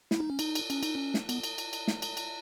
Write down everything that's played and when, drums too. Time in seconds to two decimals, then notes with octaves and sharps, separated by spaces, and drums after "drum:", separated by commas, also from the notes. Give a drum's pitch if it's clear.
0.11 E4, drum: snare
0.20 D#4
0.30 C#4
0.39 D#4, drum: cymbal
0.55 drum: cymbal
0.70 C#4, drum: cymbal
0.83 D#4, drum: cymbal
0.95 C#4
1.14 drum: snare
1.29 B3, drum: cymbal
1.44 drum: cymbal
1.58 drum: cymbal
1.73 drum: cymbal
1.88 drum: snare
2.02 drum: cymbal
2.17 drum: cymbal